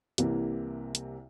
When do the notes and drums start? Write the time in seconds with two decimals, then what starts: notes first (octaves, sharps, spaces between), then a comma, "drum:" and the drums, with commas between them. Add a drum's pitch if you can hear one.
0.18 C2 C3 E3 A#3, drum: hi-hat
0.95 drum: hi-hat